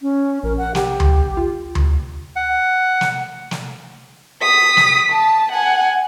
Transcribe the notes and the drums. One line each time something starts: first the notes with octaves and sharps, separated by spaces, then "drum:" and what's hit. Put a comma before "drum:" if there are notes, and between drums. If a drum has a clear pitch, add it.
C#4
A#1 A#4
F#5
G4, drum: snare
drum: tom D2
F4
drum: tom D2
F#5
drum: snare
drum: snare
D#6 B6
drum: snare
A5
F#5 G#5